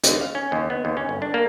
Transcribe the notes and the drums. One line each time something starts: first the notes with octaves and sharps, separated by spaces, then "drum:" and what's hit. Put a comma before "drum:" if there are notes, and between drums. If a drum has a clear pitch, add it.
D#2, drum: hi-hat
F5
C#4
D#2
B3
D#2
C#4
G1
D4
A#3